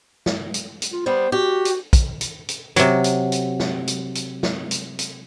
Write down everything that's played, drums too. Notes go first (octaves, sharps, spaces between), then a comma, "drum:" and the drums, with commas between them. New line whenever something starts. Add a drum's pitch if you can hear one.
drum: snare
drum: hi-hat
drum: hi-hat
F4
G3 B3 C5
F#4 G4
drum: hi-hat
drum: kick, hi-hat
drum: hi-hat
drum: hi-hat
C3 F#3, drum: hi-hat
drum: hi-hat
drum: hi-hat
drum: snare
drum: hi-hat
drum: hi-hat
drum: snare
drum: hi-hat
drum: hi-hat